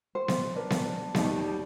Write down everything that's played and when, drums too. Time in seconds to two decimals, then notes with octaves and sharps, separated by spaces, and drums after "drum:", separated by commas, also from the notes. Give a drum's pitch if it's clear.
0.15 C5
0.28 drum: snare B3
0.56 D4 A#4 B4
0.70 drum: snare B3
1.15 D#2 B2 G3 D#4, drum: snare B3